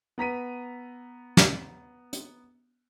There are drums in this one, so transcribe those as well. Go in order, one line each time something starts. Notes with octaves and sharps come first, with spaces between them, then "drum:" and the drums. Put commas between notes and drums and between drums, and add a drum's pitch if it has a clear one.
B3 A#5 B6 D#7
drum: snare
drum: hi-hat